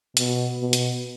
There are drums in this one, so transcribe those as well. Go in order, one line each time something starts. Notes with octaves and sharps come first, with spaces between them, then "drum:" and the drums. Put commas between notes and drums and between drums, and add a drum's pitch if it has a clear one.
B2, drum: hi-hat
B2
drum: hi-hat